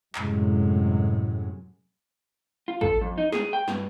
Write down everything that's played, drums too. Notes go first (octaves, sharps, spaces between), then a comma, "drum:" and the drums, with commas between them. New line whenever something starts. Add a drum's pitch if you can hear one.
F#2 A2 C3 F#3 G#3, drum: clap
F4
A4, drum: kick A1
F2
D#4
G#4, drum: snare
G5
G2, drum: snare